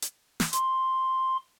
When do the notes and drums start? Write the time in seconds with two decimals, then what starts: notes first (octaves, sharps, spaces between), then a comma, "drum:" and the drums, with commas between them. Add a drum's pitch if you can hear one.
0.02 drum: hi-hat
0.40 drum: snare
0.53 C6, drum: hi-hat